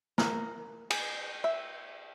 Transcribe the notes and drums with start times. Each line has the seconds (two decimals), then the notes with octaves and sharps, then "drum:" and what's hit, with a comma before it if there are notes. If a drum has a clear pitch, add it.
0.18 A#4, drum: snare
0.90 G#4, drum: cymbal
1.44 E5